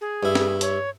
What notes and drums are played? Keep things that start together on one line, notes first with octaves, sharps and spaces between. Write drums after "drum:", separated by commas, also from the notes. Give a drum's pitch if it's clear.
G#4
G2 E4
drum: snare
C#5, drum: hi-hat